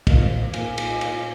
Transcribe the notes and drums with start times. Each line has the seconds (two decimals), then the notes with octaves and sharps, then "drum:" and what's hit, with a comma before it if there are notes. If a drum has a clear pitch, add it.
0.07 A#2 A#3 F4 D#5, drum: kick, cymbal
0.22 C5
0.39 F5
0.54 A#2 A#3 F4 G#5, drum: cymbal
0.78 G#5, drum: cymbal
0.90 D#5
1.01 A#2 A#3 F4 F5, drum: cymbal
1.16 F5